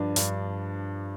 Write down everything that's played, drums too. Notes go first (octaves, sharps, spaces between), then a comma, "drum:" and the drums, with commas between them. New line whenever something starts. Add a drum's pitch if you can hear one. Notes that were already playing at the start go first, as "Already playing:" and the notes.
Already playing: G2 F3 D4
G2, drum: hi-hat